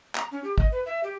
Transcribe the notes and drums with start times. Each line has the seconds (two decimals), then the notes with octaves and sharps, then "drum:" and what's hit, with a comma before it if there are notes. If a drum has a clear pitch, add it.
0.15 A#5, drum: clap
0.31 C#4
0.44 G4
0.58 D#5, drum: kick
0.72 B4
0.86 E5
1.04 G4